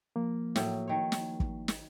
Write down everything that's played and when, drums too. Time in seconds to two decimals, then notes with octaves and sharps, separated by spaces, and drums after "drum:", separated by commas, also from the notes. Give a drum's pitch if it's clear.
0.16 F3 A#3
0.56 A2 F#3, drum: snare
0.87 D#3 C#5
1.12 drum: snare
1.40 drum: kick
1.68 drum: snare